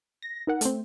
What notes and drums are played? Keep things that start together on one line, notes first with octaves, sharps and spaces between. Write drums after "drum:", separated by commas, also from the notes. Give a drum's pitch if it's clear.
A#6
D#4 A#4 F#5
A3 C4, drum: hi-hat